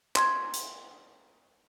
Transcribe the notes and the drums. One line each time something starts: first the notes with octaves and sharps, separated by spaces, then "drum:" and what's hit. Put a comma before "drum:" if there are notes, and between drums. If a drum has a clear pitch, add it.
C6 G#6, drum: clap
drum: hi-hat